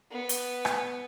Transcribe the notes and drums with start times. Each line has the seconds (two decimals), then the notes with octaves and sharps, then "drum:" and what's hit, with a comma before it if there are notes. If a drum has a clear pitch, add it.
0.11 B3
0.29 drum: hi-hat
0.65 drum: rim click